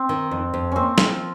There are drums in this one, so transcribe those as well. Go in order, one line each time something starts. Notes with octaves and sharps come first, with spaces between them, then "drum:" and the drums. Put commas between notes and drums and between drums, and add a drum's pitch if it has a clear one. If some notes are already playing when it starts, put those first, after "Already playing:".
Already playing: C4
D#3
F2
F2
A#3 C4 C#4
F3, drum: snare